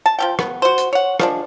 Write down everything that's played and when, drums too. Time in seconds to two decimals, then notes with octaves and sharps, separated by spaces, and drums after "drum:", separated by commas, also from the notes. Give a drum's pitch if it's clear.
0.06 A5
0.19 F3 C#4 G5
0.39 B3, drum: rim click
0.62 F#4 C5
0.78 drum: hi-hat
0.93 C#5 F#5
1.20 F3 G#3 D4, drum: rim click